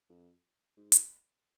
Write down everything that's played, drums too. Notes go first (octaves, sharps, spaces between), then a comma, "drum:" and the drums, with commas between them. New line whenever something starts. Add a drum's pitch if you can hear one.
F2
G#2
drum: hi-hat